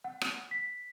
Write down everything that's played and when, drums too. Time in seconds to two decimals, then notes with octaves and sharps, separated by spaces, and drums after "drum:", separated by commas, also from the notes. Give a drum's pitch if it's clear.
0.04 F#5
0.21 drum: rim click
0.51 B6